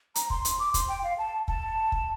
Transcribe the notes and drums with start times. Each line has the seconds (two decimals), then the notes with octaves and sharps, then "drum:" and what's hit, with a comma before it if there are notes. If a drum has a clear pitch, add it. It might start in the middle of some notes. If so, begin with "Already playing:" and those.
0.15 A#5, drum: hi-hat
0.30 C6, drum: kick
0.45 drum: hi-hat
0.59 D6
0.74 C6, drum: kick, hi-hat
0.89 G5
1.04 F5
1.18 A5
1.48 A5, drum: kick
1.92 drum: kick